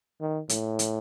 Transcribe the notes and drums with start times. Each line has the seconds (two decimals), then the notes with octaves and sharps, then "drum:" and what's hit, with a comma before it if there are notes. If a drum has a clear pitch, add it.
0.21 D#3
0.49 A2, drum: hi-hat
0.79 drum: hi-hat